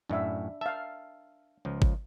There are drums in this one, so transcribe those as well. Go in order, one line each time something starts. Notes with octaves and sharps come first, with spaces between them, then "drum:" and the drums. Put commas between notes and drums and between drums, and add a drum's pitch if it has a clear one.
F#2 A2 D4 E5
E5 F5 A5
C#2 F3
drum: kick G#1